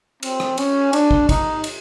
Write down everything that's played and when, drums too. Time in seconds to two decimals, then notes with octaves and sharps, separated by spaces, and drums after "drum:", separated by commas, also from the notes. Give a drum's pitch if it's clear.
0.23 C4, drum: cymbal
0.40 drum: rim click
0.58 C#4, drum: cymbal
0.93 D4, drum: cymbal
1.11 drum: kick
1.29 D#4, drum: kick, cymbal
1.64 drum: cymbal